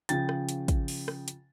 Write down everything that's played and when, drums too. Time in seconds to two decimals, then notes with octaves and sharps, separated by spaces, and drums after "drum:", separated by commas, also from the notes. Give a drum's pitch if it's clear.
0.09 C#3 F3 G5 A6, drum: hi-hat
0.29 drum: rim click
0.49 drum: hi-hat
0.68 drum: kick, hi-hat
0.88 drum: open hi-hat
1.08 drum: rim click
1.28 drum: hi-hat